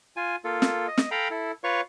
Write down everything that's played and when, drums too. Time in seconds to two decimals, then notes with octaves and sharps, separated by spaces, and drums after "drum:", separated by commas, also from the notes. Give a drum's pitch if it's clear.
0.17 F4 G#5
0.44 A#3 F4 A4
0.62 drum: snare
0.88 D#5
0.98 drum: snare
1.11 A4 F5 G5 A#5 B5
1.31 E4 A4
1.64 F4 B4 C#5 F5 C#6